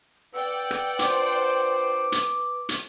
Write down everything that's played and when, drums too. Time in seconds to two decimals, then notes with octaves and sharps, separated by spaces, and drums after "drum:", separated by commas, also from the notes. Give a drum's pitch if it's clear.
0.34 B4 D5 F#5 G5 E6
0.71 drum: rim click
0.99 D4 F4 C5 D6, drum: hi-hat
2.12 drum: hi-hat
2.69 drum: hi-hat